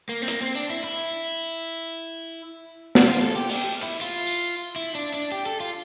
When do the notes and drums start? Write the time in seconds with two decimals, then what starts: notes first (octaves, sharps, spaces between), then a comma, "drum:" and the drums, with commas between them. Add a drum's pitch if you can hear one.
0.09 A#3
0.22 C4
0.28 A#3, drum: hi-hat
0.41 C4
0.56 D4
0.70 E4
0.84 E4
2.95 drum: snare
3.08 F4
3.22 A4
3.36 G4
3.50 G4, drum: open hi-hat
3.83 E4
4.01 F4
4.27 drum: tambourine
4.76 E4
4.95 D4
5.14 D4
5.32 G4
5.46 A4
5.60 F4